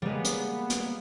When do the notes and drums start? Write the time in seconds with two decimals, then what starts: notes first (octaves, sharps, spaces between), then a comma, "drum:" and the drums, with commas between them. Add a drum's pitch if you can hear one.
0.02 G3 G#3 A#3 B3
0.25 drum: hi-hat
0.70 drum: hi-hat